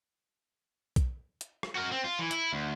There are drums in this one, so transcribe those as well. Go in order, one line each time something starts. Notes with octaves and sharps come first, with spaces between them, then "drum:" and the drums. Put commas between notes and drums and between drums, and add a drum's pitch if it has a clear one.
drum: kick B1, hi-hat
drum: hi-hat
drum: rim click
F#4 A#4
C4
F4
E3
E4, drum: hi-hat
D2